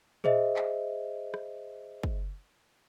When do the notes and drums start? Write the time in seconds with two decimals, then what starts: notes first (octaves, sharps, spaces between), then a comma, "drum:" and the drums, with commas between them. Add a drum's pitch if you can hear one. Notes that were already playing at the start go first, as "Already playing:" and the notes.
0.24 G#4 C5 D#5 E5, drum: tom A#2
0.56 drum: clap
1.34 drum: rim click
2.03 drum: kick